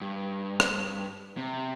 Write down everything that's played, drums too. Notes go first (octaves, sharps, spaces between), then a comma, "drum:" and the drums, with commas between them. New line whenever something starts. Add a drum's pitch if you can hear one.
G2
drum: rim click
C3